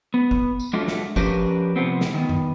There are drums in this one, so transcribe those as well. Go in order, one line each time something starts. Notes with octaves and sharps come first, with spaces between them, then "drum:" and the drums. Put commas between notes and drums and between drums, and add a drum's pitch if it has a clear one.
B3
drum: kick
drum: tambourine
F#3 G#3 A3 D4 F4
drum: snare
F3 C#4 D4 G4 A#4 B4, drum: kick, tambourine
C3 F3 B3 C4
drum: snare
D#3 B3
drum: tom